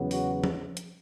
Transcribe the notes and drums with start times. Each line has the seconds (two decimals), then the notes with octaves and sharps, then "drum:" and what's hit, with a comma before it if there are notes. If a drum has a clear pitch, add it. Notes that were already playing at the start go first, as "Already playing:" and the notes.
Already playing: E2 C#3 F#3 B3
0.11 F#4, drum: open hi-hat
0.44 drum: tom F3
0.77 drum: hi-hat